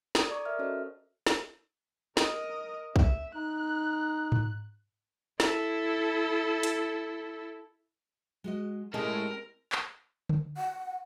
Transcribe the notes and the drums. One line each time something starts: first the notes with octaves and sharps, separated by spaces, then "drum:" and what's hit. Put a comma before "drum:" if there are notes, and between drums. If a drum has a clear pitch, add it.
A4 D5 D6 D#6 G#6, drum: snare
D5 A#5 C#6 D6
A#4 E5 F6
C#4 F#4 A4 C5 C#5 D#5
drum: snare
A#4 D#5, drum: snare
E5, drum: kick
D#4 F#6
drum: tom G#2
E4 A4, drum: snare
drum: hi-hat
G#3 F#4 D#5
A2 G#3 C4 C#4 G4 A4 A#4
drum: clap
drum: tom D3
F#5